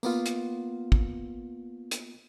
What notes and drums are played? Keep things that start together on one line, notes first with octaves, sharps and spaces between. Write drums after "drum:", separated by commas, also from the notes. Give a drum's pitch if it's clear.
A#3 B3 F4, drum: tambourine
drum: hi-hat
drum: kick
drum: hi-hat